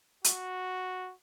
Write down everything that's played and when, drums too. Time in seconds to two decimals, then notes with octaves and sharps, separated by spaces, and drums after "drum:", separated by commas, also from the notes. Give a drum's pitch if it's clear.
0.24 F#4, drum: hi-hat